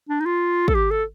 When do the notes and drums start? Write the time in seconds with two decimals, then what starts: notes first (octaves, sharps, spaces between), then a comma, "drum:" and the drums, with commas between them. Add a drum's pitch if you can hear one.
0.09 D4
0.20 D#4
0.25 F4
0.68 A4, drum: kick
0.74 G4
0.91 A4